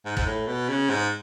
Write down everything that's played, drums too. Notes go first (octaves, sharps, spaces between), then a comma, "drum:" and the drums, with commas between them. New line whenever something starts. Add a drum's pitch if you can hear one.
G#2
G#2, drum: kick
A2
B2
C#3
G#2